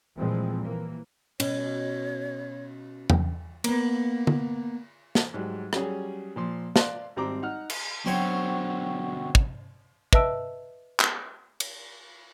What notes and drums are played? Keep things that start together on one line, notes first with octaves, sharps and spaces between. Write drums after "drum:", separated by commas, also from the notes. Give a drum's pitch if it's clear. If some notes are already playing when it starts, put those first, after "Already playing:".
A#2 E3 F3 G3 G#3 C4
E3 A#3
B2 C#4 C#5, drum: cymbal
drum: tom E2
A#3 B3, drum: cymbal
drum: tom
drum: snare
G#2 F#3 G3
F#3 G3 C#4 G#4, drum: rim click
A#2 F3 C6
D5 F5 C6 F#6, drum: snare
G#1 G3 C4 A#5 D6
D#4 F#5 F6
drum: cymbal
B2 D3 F#3 C4 C#5 F#5 G5 C#6
drum: kick
B4 D#5 E5 A5 E6 D7, drum: kick
drum: clap
drum: cymbal